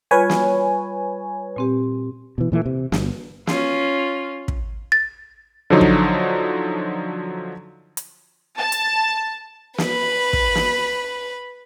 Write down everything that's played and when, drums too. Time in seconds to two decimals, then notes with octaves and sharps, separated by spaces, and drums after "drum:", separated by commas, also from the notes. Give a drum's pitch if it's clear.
0.11 G3 F4 B4 C#5 G#5
0.30 drum: snare
1.56 A#2 C4 G4
2.38 B2 E3
2.52 A#2 E3 G#3 A3
2.66 C3
2.92 G1, drum: snare
3.47 C#4 F4, drum: snare
4.48 drum: kick
4.92 A6
5.70 D3 F3 F#3 D#4
5.81 drum: kick
7.97 drum: hi-hat
8.58 A5
8.72 drum: hi-hat
9.78 B4 B5, drum: snare
10.33 drum: kick
10.55 drum: snare